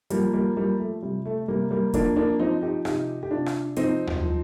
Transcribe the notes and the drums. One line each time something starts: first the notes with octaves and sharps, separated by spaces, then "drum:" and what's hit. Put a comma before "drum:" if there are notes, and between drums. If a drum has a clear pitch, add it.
F3 G3 A#3, drum: hi-hat
G3 A#3
F3 G3 A#3
A3
C3 G3
A3
C3 G3 A#3
G3 A#3
F3 A#3 D4, drum: kick D#2, hi-hat
A#3 D4
F3 C4 D#4
D#4 G4
C3 D#4 G4, drum: rim click
G4
C3 D4 F4
drum: rim click
F3 C4 D#4, drum: hi-hat
drum: tom D#2
F3